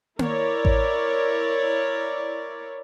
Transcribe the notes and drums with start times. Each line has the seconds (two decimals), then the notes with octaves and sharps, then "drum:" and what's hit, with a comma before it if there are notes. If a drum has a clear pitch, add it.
0.19 E4 A#4 C#5 D5, drum: tom A#3
0.65 drum: kick A1